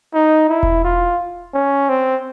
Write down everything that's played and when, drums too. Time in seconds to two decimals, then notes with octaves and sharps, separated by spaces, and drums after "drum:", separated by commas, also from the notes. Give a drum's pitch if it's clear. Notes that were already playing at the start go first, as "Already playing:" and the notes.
0.14 D#4
0.49 E4
0.63 drum: kick E1
0.84 F4
1.54 C#4
1.89 C4